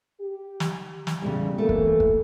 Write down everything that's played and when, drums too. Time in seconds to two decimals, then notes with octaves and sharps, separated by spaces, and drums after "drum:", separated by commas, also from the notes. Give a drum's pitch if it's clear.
0.20 G4
0.60 drum: snare
1.07 drum: snare
1.22 E2 A2 C#3 G3
1.58 E3 A3 A#3
1.69 drum: kick
2.00 drum: kick